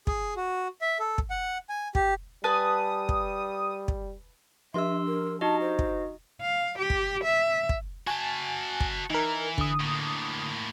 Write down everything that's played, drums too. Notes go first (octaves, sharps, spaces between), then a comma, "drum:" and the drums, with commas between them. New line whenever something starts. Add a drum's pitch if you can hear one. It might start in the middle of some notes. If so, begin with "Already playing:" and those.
G#4, drum: kick
F#4
E5
A4
drum: kick
F#5
G#5
G4, drum: kick
G3 B4 G#5 A5 D#6
drum: kick
drum: kick
F3 D4 G4 E5 C6 E6
A#4
D#4 F#4 D#5 A5
C5
drum: kick
F5
G4
drum: kick
E5
drum: kick
F#4 G#5 A5
drum: kick
E3 D#4 A#4
D3 D#6, drum: kick
A2 A#3